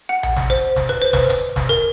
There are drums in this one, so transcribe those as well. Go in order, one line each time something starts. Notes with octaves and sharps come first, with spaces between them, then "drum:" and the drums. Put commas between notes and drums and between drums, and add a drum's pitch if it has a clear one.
F#5
drum: tom A#1
drum: snare
C5, drum: hi-hat
drum: snare
B4
C5
B4, drum: snare
drum: hi-hat
drum: snare
A#4